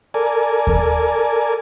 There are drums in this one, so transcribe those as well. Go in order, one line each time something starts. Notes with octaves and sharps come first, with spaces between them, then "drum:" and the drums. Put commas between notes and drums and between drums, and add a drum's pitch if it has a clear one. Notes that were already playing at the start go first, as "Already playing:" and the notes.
A4 A#4 D5 G#5
drum: kick D#2